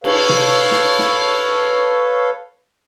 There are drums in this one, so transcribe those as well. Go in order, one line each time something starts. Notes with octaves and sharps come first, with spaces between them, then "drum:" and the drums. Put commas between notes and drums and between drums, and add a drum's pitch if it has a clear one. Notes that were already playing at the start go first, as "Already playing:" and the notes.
A4 B4 C#5 F5, drum: cymbal
drum: tom C3
drum: snare
drum: snare